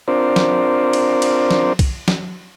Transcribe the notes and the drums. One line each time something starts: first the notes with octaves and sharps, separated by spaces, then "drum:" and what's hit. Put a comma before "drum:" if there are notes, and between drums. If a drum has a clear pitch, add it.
C4 D4 F4 A#4 C5 D5
drum: snare
drum: cymbal
drum: cymbal
drum: snare
drum: kick B1, cymbal
drum: snare